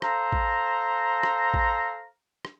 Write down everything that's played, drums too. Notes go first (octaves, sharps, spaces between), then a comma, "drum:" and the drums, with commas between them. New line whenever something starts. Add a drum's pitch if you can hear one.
A4 C5 F5 A#5, drum: rim click
drum: kick A1
drum: rim click
drum: kick A1
drum: rim click